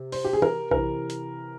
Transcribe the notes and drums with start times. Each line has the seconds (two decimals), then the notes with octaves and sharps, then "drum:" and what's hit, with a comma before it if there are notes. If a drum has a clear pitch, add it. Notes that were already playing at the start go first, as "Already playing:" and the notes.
Already playing: C3
0.12 C5, drum: open hi-hat
0.25 G4
0.33 G#4
0.42 A#4, drum: tom
0.71 C3 E3 A#4, drum: kick A#1
1.10 drum: hi-hat